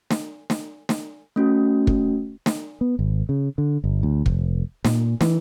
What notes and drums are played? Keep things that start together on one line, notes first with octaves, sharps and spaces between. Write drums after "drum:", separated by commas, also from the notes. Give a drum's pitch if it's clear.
drum: snare
drum: snare
drum: snare
A3 C#4 F#4
drum: kick
drum: snare
B3
G#1
C#3
D3
G1
D2
F1, drum: kick
A#2, drum: snare
E3, drum: snare